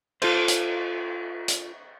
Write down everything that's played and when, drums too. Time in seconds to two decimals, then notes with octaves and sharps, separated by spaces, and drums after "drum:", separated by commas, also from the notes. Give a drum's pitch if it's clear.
0.22 F4 A4 C5, drum: cymbal
0.48 drum: hi-hat
1.48 drum: hi-hat